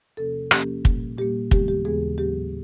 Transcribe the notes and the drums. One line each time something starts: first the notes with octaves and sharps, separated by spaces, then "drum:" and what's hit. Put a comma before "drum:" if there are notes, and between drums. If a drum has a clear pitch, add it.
E2 C3 F3 A#3 C#4 A4
E2 C3 F3 A#3 C#4 G4, drum: rim click
A#2 G3 A#3, drum: kick
A#2 G3 A#3 G4
D#2 C#3 E3 G#3 B3 G4, drum: kick
G4
D#2 C#3 E3 G#3 B3 G#4
A2 F#3 B3 G4